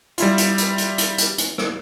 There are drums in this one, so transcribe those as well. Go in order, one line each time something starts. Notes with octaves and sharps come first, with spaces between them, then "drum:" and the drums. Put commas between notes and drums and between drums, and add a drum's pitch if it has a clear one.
G3 E4 F4, drum: hi-hat
drum: hi-hat
drum: hi-hat
drum: hi-hat
drum: hi-hat
drum: hi-hat
drum: hi-hat
drum: rim click